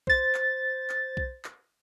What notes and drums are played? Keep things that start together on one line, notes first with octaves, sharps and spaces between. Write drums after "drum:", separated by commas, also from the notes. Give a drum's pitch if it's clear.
C5 A6, drum: kick B1
drum: clap
drum: clap
drum: kick B1
drum: clap